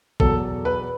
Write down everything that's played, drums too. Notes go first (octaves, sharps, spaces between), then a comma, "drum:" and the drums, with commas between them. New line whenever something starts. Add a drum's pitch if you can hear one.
E2 B2 F#3 A4, drum: kick A1
B4